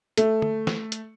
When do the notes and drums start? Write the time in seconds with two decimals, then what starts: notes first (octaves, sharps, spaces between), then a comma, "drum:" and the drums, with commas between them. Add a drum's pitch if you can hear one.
0.17 A3, drum: hi-hat
0.42 drum: tom
0.67 drum: snare
0.92 drum: hi-hat